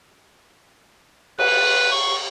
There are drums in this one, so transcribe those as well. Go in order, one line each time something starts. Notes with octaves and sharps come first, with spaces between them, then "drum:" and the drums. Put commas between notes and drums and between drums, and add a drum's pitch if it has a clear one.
B4, drum: cymbal
C#6